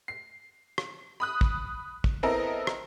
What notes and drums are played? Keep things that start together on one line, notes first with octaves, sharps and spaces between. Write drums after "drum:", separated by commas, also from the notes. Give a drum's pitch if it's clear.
C7
drum: rim click
B5 D#6 F#6
drum: kick
drum: kick
B3 C4 E4 A4 A#4 D#5
drum: rim click